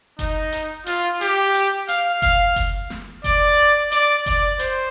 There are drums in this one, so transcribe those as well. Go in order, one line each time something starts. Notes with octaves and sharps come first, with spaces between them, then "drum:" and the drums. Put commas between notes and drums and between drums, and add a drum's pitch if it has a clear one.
D#4, drum: kick F#1, hi-hat
drum: hi-hat
F4, drum: hi-hat
G4, drum: hi-hat
drum: hi-hat
F5, drum: hi-hat
F5, drum: kick F#1, hi-hat
drum: kick F#1, hi-hat
drum: snare
D5, drum: kick F#1, hi-hat
D5, drum: hi-hat
D5, drum: kick F#1, hi-hat
C5, drum: hi-hat